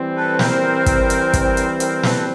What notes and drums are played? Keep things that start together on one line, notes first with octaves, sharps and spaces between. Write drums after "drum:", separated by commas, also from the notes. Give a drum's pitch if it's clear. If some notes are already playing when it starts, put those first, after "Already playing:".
Already playing: E3 G3 C4
A4 B4
A#4 C5, drum: snare
drum: kick, hi-hat
drum: hi-hat
drum: kick, hi-hat
drum: hi-hat
A#4 C5, drum: hi-hat
A4 B4, drum: snare